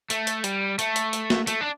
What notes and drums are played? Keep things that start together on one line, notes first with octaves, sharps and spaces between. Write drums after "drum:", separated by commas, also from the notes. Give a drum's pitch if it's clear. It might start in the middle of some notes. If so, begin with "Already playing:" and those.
A3, drum: hi-hat
drum: hi-hat
G3, drum: hi-hat
A3, drum: hi-hat
drum: hi-hat
drum: hi-hat
drum: snare
A3, drum: hi-hat
D4